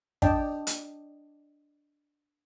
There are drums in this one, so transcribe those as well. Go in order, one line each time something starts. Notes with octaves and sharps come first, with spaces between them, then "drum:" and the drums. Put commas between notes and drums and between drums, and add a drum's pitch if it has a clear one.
D4 D5 D#5 G5 A5, drum: kick
drum: hi-hat